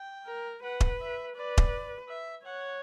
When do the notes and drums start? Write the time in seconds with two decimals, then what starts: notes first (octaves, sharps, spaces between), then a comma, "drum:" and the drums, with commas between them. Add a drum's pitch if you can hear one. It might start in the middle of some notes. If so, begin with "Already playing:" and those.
Already playing: G5
0.27 A#4
0.63 B4 F#5
0.80 drum: kick D#1
1.00 E5
1.36 B4 D5
1.57 drum: kick D#1
2.09 E5
2.46 C#5 F#5